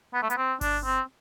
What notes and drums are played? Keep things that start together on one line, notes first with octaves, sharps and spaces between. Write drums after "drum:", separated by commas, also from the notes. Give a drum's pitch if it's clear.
B3
A3
B3, drum: hi-hat
C4
D4, drum: kick G1, open hi-hat
C4